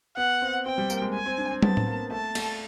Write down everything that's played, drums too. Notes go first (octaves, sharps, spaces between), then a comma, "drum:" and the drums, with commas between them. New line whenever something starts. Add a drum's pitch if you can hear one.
B3 F#5
C4
C4 G5
G3
A#3, drum: tambourine
G#3
G#5
C4
D4
C4
B3 A5, drum: tom
drum: tom A2
A#3
A3 A5
A3, drum: cymbal